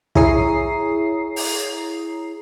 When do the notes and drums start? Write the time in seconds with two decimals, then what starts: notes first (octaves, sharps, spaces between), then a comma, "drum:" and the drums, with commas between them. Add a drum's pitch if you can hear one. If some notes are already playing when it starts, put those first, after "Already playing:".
0.15 E4 G#4 C#5 A#5 D#6 C7, drum: kick
1.36 drum: open hi-hat